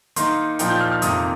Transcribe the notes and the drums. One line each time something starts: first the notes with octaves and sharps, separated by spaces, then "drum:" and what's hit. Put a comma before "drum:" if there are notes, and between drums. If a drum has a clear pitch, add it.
D#3 A#3 D#4 C6, drum: hi-hat
A#2 F3 A#3 D#4 G5, drum: hi-hat
G6
F6
F6
F2 C3 D#3 A#3 D#6, drum: hi-hat